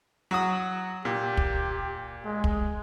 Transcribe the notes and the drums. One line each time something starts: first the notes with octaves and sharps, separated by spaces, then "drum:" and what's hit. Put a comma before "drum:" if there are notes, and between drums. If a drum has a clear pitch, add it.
F#3 F#4 D#6
A#2 G4
drum: kick
G#3
drum: kick